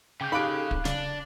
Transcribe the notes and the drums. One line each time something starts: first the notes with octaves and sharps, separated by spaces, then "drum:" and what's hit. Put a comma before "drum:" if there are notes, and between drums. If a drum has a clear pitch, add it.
C#3 G5 D6 G6
D#4 G4 A4 F5 B5 D6 F#6 D7
drum: kick
C#3 D4, drum: snare